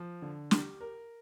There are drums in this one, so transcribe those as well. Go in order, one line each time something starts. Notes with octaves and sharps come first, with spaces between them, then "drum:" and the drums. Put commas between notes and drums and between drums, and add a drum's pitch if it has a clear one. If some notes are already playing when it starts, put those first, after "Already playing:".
Already playing: F3
D3
G4, drum: snare
A#4